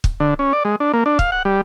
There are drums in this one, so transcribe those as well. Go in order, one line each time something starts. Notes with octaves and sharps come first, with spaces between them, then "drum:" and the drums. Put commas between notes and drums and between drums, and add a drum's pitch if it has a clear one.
drum: kick
D3
C#4
D5
G#3
D4
A#3
D4
F5, drum: kick
F#5
G3